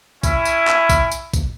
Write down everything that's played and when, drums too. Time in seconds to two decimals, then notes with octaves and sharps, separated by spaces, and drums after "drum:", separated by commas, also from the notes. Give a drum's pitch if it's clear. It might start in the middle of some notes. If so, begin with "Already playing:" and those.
0.23 C#4 E4, drum: kick A#1, tambourine
0.45 drum: tambourine
0.67 drum: clap
0.89 drum: kick A#1, tambourine
1.11 drum: tambourine
1.34 drum: kick A#1, tambourine